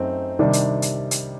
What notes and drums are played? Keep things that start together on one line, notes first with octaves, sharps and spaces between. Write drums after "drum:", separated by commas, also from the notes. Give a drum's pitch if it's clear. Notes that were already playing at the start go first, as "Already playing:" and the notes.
Already playing: F#2 A3 C4 D#4
C3 D#3 G3 D4
drum: hi-hat
drum: hi-hat
drum: hi-hat